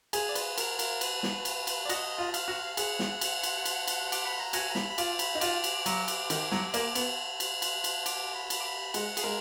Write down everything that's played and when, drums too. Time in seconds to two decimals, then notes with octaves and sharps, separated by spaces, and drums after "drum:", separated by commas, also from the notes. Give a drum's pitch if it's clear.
0.13 G#4 G#5, drum: cymbal
0.29 D5
0.35 B4, drum: cymbal
0.58 A#4, drum: cymbal
0.79 A#4, drum: cymbal
1.01 B4, drum: cymbal
1.23 drum: snare
1.45 drum: cymbal
1.67 drum: cymbal
1.85 D5
1.89 F#4 D#5, drum: cymbal
2.18 F4
2.34 F5, drum: cymbal
2.48 F#4
2.77 G#4 F#5, drum: cymbal
2.99 drum: snare
3.21 drum: cymbal
3.43 drum: cymbal
3.65 drum: cymbal
3.87 drum: cymbal
4.12 D6, drum: cymbal
4.25 B5
4.40 A#5
4.53 F#4 G#5, drum: cymbal
4.70 A#5
4.75 B5, drum: snare
4.90 B5
4.98 F4 D6, drum: cymbal
5.19 B5, drum: cymbal
5.35 D#4
5.41 F4 D6, drum: cymbal
5.64 drum: cymbal
5.86 F#3, drum: cymbal
6.08 drum: cymbal
6.30 D#3, drum: cymbal
6.51 F#3, drum: snare
6.74 A#3, drum: cymbal
6.95 B3, drum: cymbal
7.40 drum: cymbal
7.62 drum: cymbal
7.84 drum: cymbal
8.06 D6, drum: cymbal
8.35 B5
8.50 drum: cymbal
8.60 D6
8.65 B5
8.94 G#3 F#5, drum: cymbal
9.17 G#4, drum: cymbal
9.23 G#3 A#4